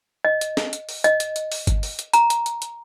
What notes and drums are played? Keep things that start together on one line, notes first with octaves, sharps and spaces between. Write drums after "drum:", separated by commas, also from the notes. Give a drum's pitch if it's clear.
D#5
drum: hi-hat
drum: snare
drum: hi-hat
drum: open hi-hat
D#5, drum: hi-hat
drum: hi-hat
drum: hi-hat
drum: open hi-hat
drum: kick G1, hi-hat
drum: open hi-hat
drum: hi-hat
A#5, drum: hi-hat
drum: hi-hat
drum: hi-hat
drum: hi-hat